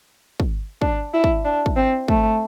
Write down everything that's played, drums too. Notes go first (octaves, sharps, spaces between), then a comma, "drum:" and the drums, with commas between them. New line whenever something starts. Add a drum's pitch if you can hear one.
drum: kick
D4, drum: kick
E4
drum: kick
D4
drum: kick
C4
A3, drum: kick